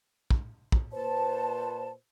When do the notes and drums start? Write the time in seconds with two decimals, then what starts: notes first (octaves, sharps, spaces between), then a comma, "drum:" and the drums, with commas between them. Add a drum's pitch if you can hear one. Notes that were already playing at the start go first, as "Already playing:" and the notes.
0.31 drum: kick
0.72 drum: kick
0.93 A#2 B4 C5 A5